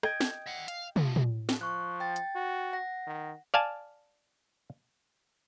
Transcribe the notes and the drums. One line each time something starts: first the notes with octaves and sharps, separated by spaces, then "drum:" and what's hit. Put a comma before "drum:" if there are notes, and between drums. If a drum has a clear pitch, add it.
D#5 G5 G#6, drum: rim click
drum: snare
E5 F#5
F5, drum: hi-hat
F3 A3, drum: tom
drum: tom
drum: snare
F3 C#6 F#6
G5 A6
drum: hi-hat
F#4
F#5 A#6
D#3
D5 F5 G#5 A5